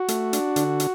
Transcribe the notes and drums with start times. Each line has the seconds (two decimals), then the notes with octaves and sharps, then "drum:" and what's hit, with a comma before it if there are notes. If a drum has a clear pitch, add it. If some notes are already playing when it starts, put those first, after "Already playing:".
Already playing: F#4
0.08 A3, drum: hi-hat
0.33 D4, drum: hi-hat
0.56 D3, drum: hi-hat
0.80 drum: hi-hat